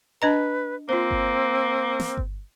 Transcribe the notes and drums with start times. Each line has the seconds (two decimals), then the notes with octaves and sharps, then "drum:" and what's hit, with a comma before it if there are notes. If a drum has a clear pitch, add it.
0.22 D4 B4 D#5 A#5
0.89 A#3 C4 F4 C5
1.11 drum: kick G1
2.00 drum: snare
2.17 drum: kick G1